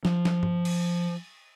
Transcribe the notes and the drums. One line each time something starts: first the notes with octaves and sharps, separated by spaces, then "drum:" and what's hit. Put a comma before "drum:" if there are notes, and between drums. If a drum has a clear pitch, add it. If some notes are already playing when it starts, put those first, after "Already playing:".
F3, drum: snare
drum: snare
drum: tom G2
drum: cymbal